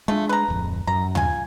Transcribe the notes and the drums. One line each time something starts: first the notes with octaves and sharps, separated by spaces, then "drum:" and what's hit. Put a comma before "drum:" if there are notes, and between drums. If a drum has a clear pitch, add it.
G#3 A3 D4 F4
B4 A#5
D1 F2
F#2 A#5
F4 G#5, drum: tom